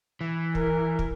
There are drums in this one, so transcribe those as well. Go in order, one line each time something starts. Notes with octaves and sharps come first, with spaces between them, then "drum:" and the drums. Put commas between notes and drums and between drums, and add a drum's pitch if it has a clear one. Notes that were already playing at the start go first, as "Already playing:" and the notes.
E3
A#4, drum: kick
drum: kick